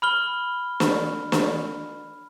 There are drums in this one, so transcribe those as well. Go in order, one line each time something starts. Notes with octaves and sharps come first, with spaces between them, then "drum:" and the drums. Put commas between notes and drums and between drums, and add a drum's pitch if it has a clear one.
B5 F6 G7
drum: snare
drum: snare